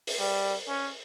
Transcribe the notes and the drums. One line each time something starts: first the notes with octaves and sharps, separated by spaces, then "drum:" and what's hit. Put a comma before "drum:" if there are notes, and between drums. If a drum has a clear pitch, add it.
drum: open hi-hat
G3
C#4